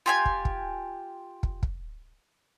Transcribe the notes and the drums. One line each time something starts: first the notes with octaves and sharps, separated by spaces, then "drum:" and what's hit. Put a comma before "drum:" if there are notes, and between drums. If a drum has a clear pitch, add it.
F4 G4 G#5
drum: kick
drum: kick
drum: kick
drum: kick